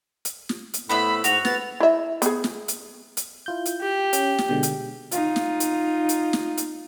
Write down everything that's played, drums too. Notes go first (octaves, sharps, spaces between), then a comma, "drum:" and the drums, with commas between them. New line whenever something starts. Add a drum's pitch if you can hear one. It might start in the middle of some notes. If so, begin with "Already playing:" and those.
drum: hi-hat
drum: snare
drum: hi-hat
A2 B3 C5 E5 B5
G#2 F#4 F7, drum: hi-hat
B3 A6, drum: snare
E4 E5
B3 G#4, drum: hi-hat
drum: snare
drum: hi-hat
drum: hi-hat
E4 F4 G6
drum: hi-hat
G4
C#4, drum: hi-hat
drum: snare
B2 D3 G#3
drum: hi-hat
D#4 F4, drum: hi-hat
drum: snare
drum: hi-hat
drum: hi-hat
drum: snare
drum: hi-hat